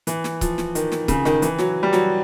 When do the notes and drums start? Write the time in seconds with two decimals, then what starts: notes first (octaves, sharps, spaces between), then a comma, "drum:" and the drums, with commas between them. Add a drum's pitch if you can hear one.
0.07 E3, drum: hi-hat
0.24 drum: snare
0.41 F3, drum: kick C#1, hi-hat
0.58 drum: snare
0.75 D#3, drum: hi-hat
0.92 drum: snare
1.08 C#3, drum: kick C#1, hi-hat
1.25 D#3, drum: snare
1.42 E3, drum: hi-hat
1.58 F#3, drum: snare
1.83 G3
1.93 F#3, drum: snare